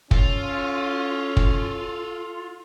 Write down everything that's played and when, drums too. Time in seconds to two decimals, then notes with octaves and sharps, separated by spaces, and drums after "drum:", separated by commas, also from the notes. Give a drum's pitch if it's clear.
0.11 C#4 F4 A4, drum: kick
1.37 drum: kick